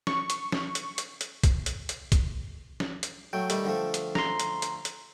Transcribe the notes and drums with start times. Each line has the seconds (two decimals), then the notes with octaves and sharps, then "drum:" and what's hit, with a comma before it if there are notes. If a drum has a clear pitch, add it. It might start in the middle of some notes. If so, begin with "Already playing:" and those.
0.07 C#6, drum: snare
0.30 drum: hi-hat
0.52 drum: snare
0.75 drum: hi-hat
0.98 drum: hi-hat
1.21 drum: hi-hat
1.44 drum: kick, hi-hat
1.66 drum: hi-hat
1.89 drum: hi-hat
2.12 drum: kick, hi-hat
2.80 drum: snare
3.03 drum: hi-hat
3.33 F#3 A3 G5
3.50 D#3 G3 A3, drum: hi-hat
3.65 D3 F3 A3
3.94 drum: hi-hat
4.15 A#5 C6, drum: snare
4.40 drum: hi-hat
4.62 drum: hi-hat
4.85 drum: hi-hat